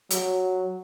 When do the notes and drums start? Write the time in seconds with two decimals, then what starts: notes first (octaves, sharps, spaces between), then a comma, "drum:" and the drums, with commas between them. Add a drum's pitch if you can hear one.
0.10 F#3, drum: hi-hat